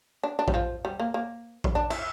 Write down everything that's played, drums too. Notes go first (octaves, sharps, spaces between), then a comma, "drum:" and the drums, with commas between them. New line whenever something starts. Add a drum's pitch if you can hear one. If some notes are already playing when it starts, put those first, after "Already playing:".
D4
D4
G3, drum: kick A#1
F3
G3
A#3
A#3
drum: kick A#1
D4
E4, drum: cymbal